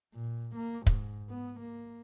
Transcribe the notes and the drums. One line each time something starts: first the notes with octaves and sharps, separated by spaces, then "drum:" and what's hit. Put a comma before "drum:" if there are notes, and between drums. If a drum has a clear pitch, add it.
A#2
A#3
G#2, drum: kick
B3
A#3